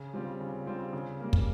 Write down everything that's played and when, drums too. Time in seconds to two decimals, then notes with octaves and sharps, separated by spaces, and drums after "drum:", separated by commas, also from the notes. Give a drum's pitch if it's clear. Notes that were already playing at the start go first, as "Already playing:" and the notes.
Already playing: C#3
0.14 G3 C4 F4
0.40 C#3
0.66 G3 C4 F4
0.93 C#3
1.20 G3 A#3
1.33 drum: kick